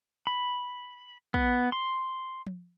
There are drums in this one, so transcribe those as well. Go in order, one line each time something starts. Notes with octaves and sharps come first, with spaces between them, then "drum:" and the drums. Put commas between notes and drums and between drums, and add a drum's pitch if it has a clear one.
B5
B3, drum: kick
C6
drum: tom F3